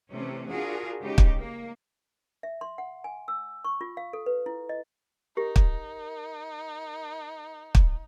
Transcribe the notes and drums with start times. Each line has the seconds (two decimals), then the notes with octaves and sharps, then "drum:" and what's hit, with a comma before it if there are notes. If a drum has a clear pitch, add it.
0.11 C3 E3 A3 C#4
0.49 D4 F4 F#4 G#4 A#4
0.99 C#3 G#3 D#4 G4
1.18 drum: kick
1.38 A#3
2.43 E5
2.61 C6
2.78 F#5
3.04 G#5
3.28 E6
3.64 C#6
3.81 F4
3.97 F5
4.13 A4
4.26 B4
4.46 E4
4.69 D#5
5.37 D#4 G4 A#4
5.56 drum: kick
7.75 drum: kick